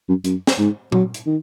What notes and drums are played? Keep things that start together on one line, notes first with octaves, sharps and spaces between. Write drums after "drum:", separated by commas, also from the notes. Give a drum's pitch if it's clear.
F#2
F#2, drum: hi-hat
drum: snare
G#2
F#3, drum: tom A#2
drum: hi-hat
D#3